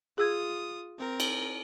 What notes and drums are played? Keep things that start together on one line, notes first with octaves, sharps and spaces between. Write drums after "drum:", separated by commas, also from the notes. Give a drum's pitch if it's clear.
F4 G#4 D#6 E6 G#6
C4 A#4
drum: cymbal